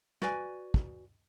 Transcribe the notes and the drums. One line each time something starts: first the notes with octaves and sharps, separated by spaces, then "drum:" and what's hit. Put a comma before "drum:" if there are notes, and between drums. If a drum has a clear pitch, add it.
F#4 B4 D5 G#5, drum: snare
drum: kick